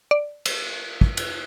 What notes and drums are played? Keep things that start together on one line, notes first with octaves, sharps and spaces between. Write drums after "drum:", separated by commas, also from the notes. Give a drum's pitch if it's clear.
D5
drum: cymbal
drum: kick
drum: cymbal